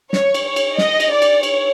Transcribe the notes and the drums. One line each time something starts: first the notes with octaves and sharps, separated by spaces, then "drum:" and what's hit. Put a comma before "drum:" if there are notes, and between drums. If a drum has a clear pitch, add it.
C#5, drum: snare
drum: cymbal
C#5
drum: cymbal
D#5, drum: snare
drum: cymbal
D5
drum: cymbal
C#5, drum: cymbal